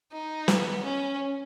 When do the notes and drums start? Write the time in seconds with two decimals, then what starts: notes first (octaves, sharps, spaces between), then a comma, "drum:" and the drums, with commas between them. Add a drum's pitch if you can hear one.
0.12 D#4
0.48 B3, drum: snare
0.84 C#4